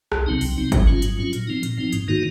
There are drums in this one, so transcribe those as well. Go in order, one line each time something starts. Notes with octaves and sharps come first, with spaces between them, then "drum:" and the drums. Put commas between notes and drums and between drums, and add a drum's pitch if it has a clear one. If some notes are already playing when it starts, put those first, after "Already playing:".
C2, drum: rim click
C3 F#3 C4 D#4
C2, drum: open hi-hat
C3 F#3 C4 D#4
G#2, drum: kick, hi-hat
F#3 C#4 F4
G#2, drum: hi-hat
F#3 C#4 F4
A#2, drum: hi-hat
F3 C4 D#4
A#2, drum: hi-hat
F3 C4 D#4
G#2, drum: hi-hat
D#3 A#3 D#4 F#4